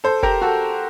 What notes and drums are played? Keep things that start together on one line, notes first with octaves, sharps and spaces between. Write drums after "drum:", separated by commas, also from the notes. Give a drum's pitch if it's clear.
A4 C5
G4 A#4, drum: kick
F#4 A4